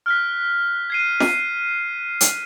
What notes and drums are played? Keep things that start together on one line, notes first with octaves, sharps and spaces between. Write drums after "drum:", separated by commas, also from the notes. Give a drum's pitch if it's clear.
F6 F#6 B6
G#6 C7 D#7
drum: snare F4
drum: hi-hat